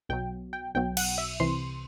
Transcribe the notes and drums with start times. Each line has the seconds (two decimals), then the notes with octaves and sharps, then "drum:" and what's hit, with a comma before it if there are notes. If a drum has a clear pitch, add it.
0.09 B1 B2 F#3 G5
0.53 G5
0.75 B1 B2 F#3 G5
0.97 F#5, drum: cymbal
1.18 E5
1.40 C2 C3 E3 C6